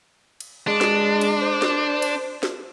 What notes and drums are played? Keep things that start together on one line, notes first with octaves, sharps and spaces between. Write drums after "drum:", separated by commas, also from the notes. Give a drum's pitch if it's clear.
drum: cymbal
G#3 D4
drum: snare
drum: cymbal
C5
drum: snare
drum: cymbal
drum: snare